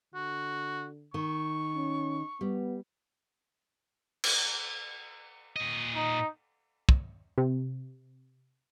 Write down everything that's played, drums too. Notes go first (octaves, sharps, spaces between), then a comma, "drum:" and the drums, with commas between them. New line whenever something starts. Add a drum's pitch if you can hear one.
D3 F#4
D#3 C#6
C#4
G3 B3
drum: cymbal
A#2 D#5
D#4
drum: kick
C3